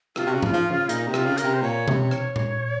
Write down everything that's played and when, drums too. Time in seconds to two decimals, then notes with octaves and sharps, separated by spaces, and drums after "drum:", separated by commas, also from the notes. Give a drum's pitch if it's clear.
0.16 C3 F4, drum: rim click
0.26 C3 F#4
0.35 C#3
0.43 F#4, drum: tom G#2
0.46 F4
0.53 F3
0.71 C#3
0.89 A#2 D#4, drum: hi-hat
1.08 C3
1.14 F4, drum: rim click
1.26 C#3
1.38 A#4, drum: hi-hat
1.44 C3
1.54 C5
1.63 A#2 C#5
1.88 C3, drum: tom B2
2.11 drum: rim click
2.36 drum: tom A#2